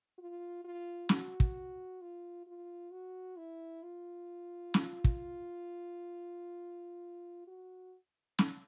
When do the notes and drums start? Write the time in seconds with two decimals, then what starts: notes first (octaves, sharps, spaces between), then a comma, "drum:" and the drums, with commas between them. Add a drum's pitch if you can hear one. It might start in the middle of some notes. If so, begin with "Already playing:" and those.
0.18 F4
0.64 F4
1.09 F#4, drum: snare
1.40 drum: kick
2.01 F4
2.47 F4
2.92 F#4
3.37 E4
3.83 F4
4.74 drum: snare
5.04 drum: kick
7.47 F#4
8.39 drum: snare